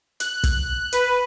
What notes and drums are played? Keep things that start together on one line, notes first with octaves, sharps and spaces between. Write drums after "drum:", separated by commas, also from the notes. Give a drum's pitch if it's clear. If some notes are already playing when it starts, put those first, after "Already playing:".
F#6, drum: hi-hat
drum: kick, hi-hat
B4, drum: hi-hat